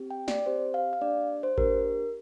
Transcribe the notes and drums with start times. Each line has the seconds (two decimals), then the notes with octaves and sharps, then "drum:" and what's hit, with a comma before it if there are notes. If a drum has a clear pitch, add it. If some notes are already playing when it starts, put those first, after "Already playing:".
Already playing: C4 G4
0.11 G5
0.28 D5, drum: snare
0.46 C4 G4 C5
0.74 F5
0.93 F5
1.01 A#3 D4 G4 D5
1.43 C5
1.58 A#3 D4 G4 A#4, drum: kick A1